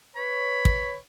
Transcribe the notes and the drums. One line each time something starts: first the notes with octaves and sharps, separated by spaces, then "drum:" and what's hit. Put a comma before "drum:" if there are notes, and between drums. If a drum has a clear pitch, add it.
B4 C#5 B5
drum: kick